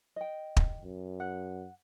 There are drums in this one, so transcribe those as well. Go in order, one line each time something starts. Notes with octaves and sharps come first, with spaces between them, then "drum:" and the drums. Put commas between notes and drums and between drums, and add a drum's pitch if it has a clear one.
D#5 G5
drum: kick
F#2
F#5